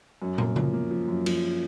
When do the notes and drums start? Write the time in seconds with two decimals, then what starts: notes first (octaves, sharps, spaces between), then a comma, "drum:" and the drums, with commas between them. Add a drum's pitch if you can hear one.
0.22 F#2
0.38 A#3, drum: tom
0.56 F3, drum: tom C#3
0.73 A#3
0.91 F3
1.08 F#2
1.26 F3, drum: cymbal